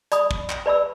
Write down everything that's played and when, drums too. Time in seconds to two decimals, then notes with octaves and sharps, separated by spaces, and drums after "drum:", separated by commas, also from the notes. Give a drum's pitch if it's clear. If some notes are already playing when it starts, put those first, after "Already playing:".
0.12 D5 B5 D#6, drum: hi-hat
0.31 drum: kick
0.50 drum: clap
0.66 B4 D5 B5 E6